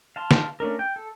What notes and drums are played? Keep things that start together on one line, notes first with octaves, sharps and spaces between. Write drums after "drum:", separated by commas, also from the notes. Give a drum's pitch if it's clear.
F5 A5 C6
drum: snare
A3 C#4 D4 A#4
G5
A4